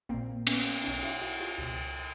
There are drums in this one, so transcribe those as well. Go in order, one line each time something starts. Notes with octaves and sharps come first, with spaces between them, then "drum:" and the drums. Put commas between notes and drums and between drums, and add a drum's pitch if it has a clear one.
A#1 A#2 A#3 C4
B3 C#4, drum: cymbal
B1 B2 C#4 D#4
E4 F#4
E4 F#4
F4 G4
C#2 B2